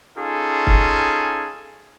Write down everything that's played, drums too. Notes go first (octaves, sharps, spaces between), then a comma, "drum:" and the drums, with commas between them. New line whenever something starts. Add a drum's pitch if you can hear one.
C#4 D#4 F4 G#4 A4
drum: kick